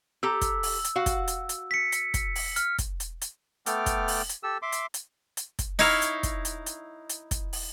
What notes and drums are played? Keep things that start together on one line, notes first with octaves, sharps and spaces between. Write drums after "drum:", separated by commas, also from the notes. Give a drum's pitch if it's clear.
G4 A4 A#5 E6
drum: kick, hi-hat
drum: open hi-hat
drum: hi-hat
F#4 F5 F#5
drum: kick, hi-hat
drum: hi-hat
drum: hi-hat
B6 C#7
drum: hi-hat
drum: kick, hi-hat
drum: open hi-hat
F6, drum: hi-hat
drum: kick, hi-hat
drum: hi-hat
drum: hi-hat
A3 B3 A4 G5 D6 F6, drum: hi-hat
drum: kick, hi-hat
drum: open hi-hat
drum: hi-hat
G4 A4 E6
E5 C6 D6
drum: hi-hat
drum: hi-hat
drum: hi-hat
drum: kick, hi-hat
D#4 E4 C#5 E5 F5, drum: open hi-hat
drum: hi-hat
drum: kick, hi-hat
drum: hi-hat
drum: hi-hat
drum: hi-hat
drum: kick, hi-hat
drum: open hi-hat